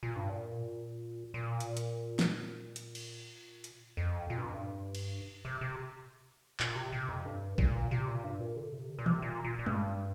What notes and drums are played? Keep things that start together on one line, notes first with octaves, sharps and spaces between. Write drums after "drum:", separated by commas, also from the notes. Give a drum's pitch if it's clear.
A#2
G2
A#2
A#2
drum: hi-hat
drum: hi-hat
drum: snare
drum: hi-hat
drum: cymbal
drum: hi-hat
F2
A#2
G2
F2
G2
drum: cymbal
C3
C3
A#2, drum: clap
C3
C3
F2
G2
A#2, drum: kick
C3
A#2
G2
A#2
D3
C3
D3
A#2
C3, drum: tom D#3
A#2
A#2
A#2
G2, drum: tom G3